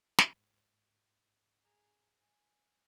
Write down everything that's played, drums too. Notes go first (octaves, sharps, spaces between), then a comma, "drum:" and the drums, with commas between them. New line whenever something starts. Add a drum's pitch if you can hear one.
G#2, drum: snare
G#4 A#5
G#5